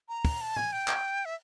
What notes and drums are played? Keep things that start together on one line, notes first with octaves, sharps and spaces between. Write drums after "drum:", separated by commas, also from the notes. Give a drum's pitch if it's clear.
A#5
drum: kick, open hi-hat
A5
G#5, drum: tom A2
G5
drum: clap
E5